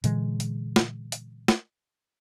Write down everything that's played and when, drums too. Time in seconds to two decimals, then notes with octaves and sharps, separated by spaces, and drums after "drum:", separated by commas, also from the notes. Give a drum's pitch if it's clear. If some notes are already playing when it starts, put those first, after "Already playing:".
0.04 A#2 D3 E3 G#3, drum: hi-hat
0.40 drum: hi-hat
0.76 drum: snare
1.12 drum: hi-hat
1.48 drum: snare